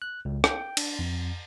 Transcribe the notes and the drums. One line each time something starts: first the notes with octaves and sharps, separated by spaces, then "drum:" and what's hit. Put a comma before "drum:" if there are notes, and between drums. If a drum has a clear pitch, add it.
F#6
C#2
G5, drum: rim click
D4, drum: cymbal
F2